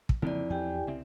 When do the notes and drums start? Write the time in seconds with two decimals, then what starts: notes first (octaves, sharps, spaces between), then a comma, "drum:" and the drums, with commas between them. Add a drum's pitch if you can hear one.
0.09 drum: kick
0.22 F2 C#3 E3 A#3 E4 D5
0.50 E2 G4 G5 G#5
0.87 C2 C#3 C4 E5